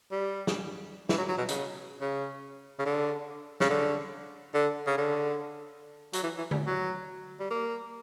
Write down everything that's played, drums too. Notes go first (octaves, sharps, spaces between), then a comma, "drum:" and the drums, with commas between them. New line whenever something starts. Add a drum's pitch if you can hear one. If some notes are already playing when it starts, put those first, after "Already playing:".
G3
drum: snare
E3, drum: snare
F#3
F#3
B2
C#3, drum: hi-hat
C#3
C#3
D3
C#3, drum: snare
D3
D3
C#3
D3
F#3, drum: hi-hat
E3
E3
G3, drum: tom D3
F#3
G3
A#3